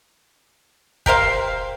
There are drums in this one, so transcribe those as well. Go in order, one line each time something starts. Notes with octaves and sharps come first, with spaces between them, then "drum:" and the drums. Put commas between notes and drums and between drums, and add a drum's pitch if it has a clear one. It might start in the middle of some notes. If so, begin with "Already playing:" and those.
G4 A#4 C5 F5, drum: kick